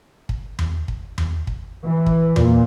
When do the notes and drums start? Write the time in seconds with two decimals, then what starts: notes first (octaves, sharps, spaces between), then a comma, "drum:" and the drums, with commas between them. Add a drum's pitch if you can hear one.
0.29 drum: kick
0.59 drum: tom E2
0.88 drum: kick
1.18 drum: tom E2
1.47 drum: kick
1.85 E3
2.06 drum: kick
2.36 A#2, drum: tom E2